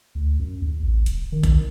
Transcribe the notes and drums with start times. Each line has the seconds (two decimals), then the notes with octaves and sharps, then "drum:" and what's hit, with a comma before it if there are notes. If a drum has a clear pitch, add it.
0.15 D2
0.39 F#2
0.62 D#2
0.82 A1
1.06 D#1, drum: hi-hat
1.32 D#3
1.43 drum: kick B1, hi-hat